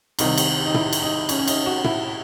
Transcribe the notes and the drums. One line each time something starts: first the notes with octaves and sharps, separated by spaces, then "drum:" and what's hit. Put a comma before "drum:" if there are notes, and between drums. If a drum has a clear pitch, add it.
C2 C3 D#3 D#4, drum: cymbal
drum: cymbal
D#4
E4, drum: tom
drum: cymbal
D#4
C#4, drum: cymbal
C#4
D#4, drum: cymbal
F#4
E4, drum: tom